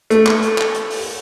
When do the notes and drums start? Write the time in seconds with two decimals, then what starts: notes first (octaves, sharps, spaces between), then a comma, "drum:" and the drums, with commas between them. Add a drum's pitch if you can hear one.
0.10 A3, drum: hi-hat
0.26 drum: clap
0.42 drum: hi-hat
0.58 drum: clap
0.74 drum: hi-hat
0.90 drum: open hi-hat